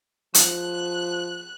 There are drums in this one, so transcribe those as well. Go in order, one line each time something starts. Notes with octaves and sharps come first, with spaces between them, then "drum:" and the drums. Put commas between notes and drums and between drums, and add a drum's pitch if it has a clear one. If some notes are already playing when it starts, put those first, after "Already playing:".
F3 F#6, drum: hi-hat